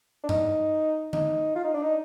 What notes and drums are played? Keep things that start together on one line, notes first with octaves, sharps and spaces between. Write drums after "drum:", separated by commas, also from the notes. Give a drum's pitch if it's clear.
D4
D#4, drum: tom G2
D#4, drum: tom D3
F4
D#4
D4
D#4